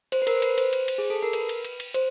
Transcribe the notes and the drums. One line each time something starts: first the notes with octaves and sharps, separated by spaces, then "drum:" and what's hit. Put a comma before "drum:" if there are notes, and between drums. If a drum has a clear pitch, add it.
C5, drum: cymbal
B4
A#4, drum: cymbal
C5
B4, drum: cymbal
C5, drum: cymbal
drum: cymbal
drum: cymbal
G#4
A4
A#4
B4, drum: cymbal
drum: cymbal
drum: cymbal
drum: cymbal
C5, drum: cymbal